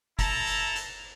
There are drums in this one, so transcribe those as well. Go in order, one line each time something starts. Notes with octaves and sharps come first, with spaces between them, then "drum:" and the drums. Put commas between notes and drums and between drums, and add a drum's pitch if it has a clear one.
E4 A4 A5 A#5, drum: kick F#1, hi-hat
drum: hi-hat
drum: hi-hat